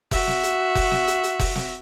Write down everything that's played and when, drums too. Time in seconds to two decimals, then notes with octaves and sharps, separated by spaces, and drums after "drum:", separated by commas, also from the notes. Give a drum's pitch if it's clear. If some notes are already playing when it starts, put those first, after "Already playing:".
0.11 F#4 E5, drum: kick F1, open hi-hat
0.27 drum: snare
0.43 drum: hi-hat
0.75 drum: kick F1, open hi-hat
0.91 drum: snare
1.07 drum: hi-hat
1.23 drum: hi-hat
1.39 drum: kick F1, open hi-hat
1.55 drum: snare